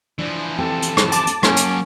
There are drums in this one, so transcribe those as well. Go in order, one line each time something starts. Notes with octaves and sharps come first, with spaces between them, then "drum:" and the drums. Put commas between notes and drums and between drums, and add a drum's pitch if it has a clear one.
E3 F3 D4
C4 G4 A4
drum: hi-hat
drum: rim click
A5 D6, drum: hi-hat
drum: hi-hat
F#3 A#3 C#4 G5, drum: rim click
drum: hi-hat